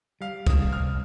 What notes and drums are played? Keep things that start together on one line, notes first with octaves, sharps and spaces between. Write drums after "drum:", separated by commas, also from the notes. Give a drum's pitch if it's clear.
G3 F5
D#6, drum: kick, cymbal
C2
F6